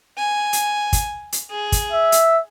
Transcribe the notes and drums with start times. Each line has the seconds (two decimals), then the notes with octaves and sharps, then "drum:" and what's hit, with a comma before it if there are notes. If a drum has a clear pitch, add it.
0.18 G#5
0.53 drum: hi-hat
0.93 drum: kick, hi-hat
1.32 drum: hi-hat
1.51 G#4
1.72 drum: kick, hi-hat
1.92 E5
2.12 drum: hi-hat